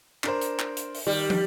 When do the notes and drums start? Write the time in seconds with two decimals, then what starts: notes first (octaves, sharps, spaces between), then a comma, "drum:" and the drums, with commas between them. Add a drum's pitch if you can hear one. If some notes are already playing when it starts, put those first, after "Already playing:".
0.24 D4 A#4 C5, drum: clap
0.41 drum: hi-hat
0.59 drum: clap
0.77 drum: hi-hat
0.95 drum: open hi-hat
1.07 D#3 G3
1.30 drum: tom